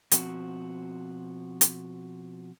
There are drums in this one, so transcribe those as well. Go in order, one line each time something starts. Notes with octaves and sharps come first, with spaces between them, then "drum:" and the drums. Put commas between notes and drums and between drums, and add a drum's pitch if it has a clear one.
B2 F3 C4 F#4, drum: hi-hat
drum: hi-hat